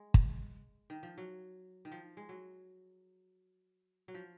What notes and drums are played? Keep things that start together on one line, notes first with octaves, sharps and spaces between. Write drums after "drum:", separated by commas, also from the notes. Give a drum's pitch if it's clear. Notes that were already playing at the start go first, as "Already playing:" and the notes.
Already playing: G#3
drum: kick
D#3
F3
F#3
D#3
F3
G#3
F#3
F#3
F3